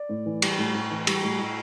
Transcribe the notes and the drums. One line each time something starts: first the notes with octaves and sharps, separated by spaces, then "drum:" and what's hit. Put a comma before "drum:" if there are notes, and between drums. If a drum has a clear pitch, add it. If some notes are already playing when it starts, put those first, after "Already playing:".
Already playing: D5
A2
E3
G3, drum: cymbal
A2
A2
E3
G3, drum: cymbal
A2
A2